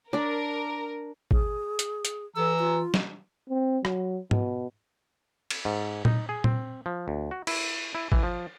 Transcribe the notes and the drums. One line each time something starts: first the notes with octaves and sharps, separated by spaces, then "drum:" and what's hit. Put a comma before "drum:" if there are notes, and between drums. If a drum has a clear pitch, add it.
D4 A#4 D5
G#4, drum: kick
drum: hi-hat
drum: hi-hat
E3 A4 A#5 E6
F4
drum: snare
C4
F#3, drum: rim click
B2, drum: tom G#2
drum: cymbal
G#2
D#4, drum: tom A#2
G#4
C4, drum: tom A#2
F3
D2
F#4
E4, drum: cymbal
E4
E3, drum: kick
F3